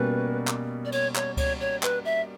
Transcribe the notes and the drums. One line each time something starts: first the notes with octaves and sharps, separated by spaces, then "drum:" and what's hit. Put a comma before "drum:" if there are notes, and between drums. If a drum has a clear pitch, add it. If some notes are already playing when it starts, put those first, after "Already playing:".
Already playing: B2 G3 A#3 C#4 B4
drum: clap
D5
C#5, drum: cymbal
C#5, drum: clap
C#5, drum: kick C#2, cymbal
C#5
B4, drum: clap
E5